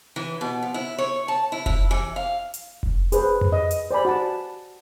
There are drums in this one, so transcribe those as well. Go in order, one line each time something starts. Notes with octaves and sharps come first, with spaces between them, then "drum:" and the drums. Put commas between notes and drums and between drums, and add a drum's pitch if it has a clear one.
E3
B2
F3
E4
C#5
A5
E4
E4, drum: kick F1
E3
F5
drum: hi-hat
drum: kick F1
G#4 B4 C5, drum: hi-hat
drum: tom F2
D#5
drum: hi-hat
C5 D5 G#5 B5
F#4 F#5 A5